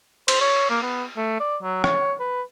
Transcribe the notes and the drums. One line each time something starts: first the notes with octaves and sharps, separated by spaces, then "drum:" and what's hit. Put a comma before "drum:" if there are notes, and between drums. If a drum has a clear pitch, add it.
C5, drum: cymbal
C#5
A#3
B3
A3
D5
F#3
C#5, drum: rim click
B4